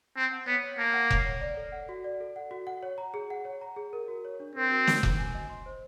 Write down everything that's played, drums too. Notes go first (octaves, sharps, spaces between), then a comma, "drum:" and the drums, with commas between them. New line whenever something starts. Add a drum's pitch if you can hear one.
C4 A5
F#5
B3 C#5
C#5
A#3 A5
F#5
C#5, drum: kick F1
C#5
D5
A4
F#5
F#4
D5
A4
F#5
F#4
F#5
C#5
A#5
G#4
F#5
C#5
A#5
G#4
A#4
F#4
C#5
D4
C4 A#4
F#4
C#5, drum: snare
D4, drum: kick F1
G#5
D#5
C6
C5